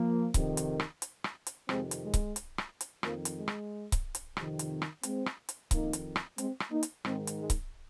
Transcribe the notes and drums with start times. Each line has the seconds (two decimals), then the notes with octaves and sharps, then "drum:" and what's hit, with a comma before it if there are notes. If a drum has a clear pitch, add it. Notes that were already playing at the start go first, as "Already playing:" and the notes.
Already playing: F3 A#3
0.34 F2 C3 D#3, drum: kick C#1, hi-hat
0.57 drum: hi-hat
0.80 drum: rim click
1.02 drum: hi-hat
1.24 drum: rim click
1.47 drum: hi-hat
1.69 F2 C3 D#3 G#3 C4, drum: rim click
1.91 drum: hi-hat
2.02 G#3
2.14 drum: kick C#1, hi-hat
2.36 drum: hi-hat
2.58 drum: rim click
2.81 drum: hi-hat
3.03 F2 D#3 F3 A#3, drum: rim click
3.25 drum: hi-hat
3.37 G#3
3.48 drum: rim click
3.92 drum: kick C#1, hi-hat
4.15 drum: hi-hat
4.37 F2 C3 D#3, drum: rim click
4.59 drum: hi-hat
4.82 drum: rim click
5.03 G#3 C4, drum: hi-hat
5.26 drum: rim click
5.49 drum: hi-hat
5.71 F2 D#3 A#3 D#4, drum: kick C#1, hi-hat
5.93 drum: hi-hat
6.16 drum: rim click
6.38 G#3 C4, drum: hi-hat
6.60 drum: rim click
6.71 A#3 D#4
6.83 drum: hi-hat
7.05 G#2 D#3 G#3 C4, drum: rim click
7.27 drum: hi-hat
7.39 G#3
7.50 drum: kick C#1, hi-hat